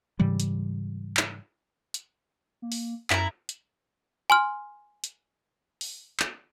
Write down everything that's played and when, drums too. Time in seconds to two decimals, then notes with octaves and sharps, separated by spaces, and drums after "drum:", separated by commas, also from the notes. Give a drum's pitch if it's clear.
0.19 G#2 C#3 E3 G3
0.40 drum: hi-hat
1.17 drum: clap
1.94 drum: hi-hat
2.62 A#3
2.72 drum: open hi-hat
3.10 F#2 E4 A#5, drum: clap
3.49 drum: hi-hat
4.30 G#5 C6 F6
5.04 drum: hi-hat
5.81 drum: open hi-hat
6.20 drum: clap